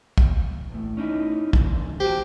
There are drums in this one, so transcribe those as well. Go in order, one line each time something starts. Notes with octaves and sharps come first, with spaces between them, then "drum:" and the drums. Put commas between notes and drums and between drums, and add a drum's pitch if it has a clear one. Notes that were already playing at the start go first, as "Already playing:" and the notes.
drum: kick
E2 A2
C#4 D#4 E4
E2 E3 G#3, drum: kick
F#4 G4 C5